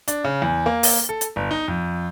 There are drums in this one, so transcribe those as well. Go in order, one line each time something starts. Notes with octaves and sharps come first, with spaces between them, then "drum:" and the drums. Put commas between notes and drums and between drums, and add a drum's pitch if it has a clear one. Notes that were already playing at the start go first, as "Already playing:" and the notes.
D4, drum: hi-hat
C#3
E2
A#3
drum: open hi-hat
A4
drum: hi-hat
G1
D#4
F2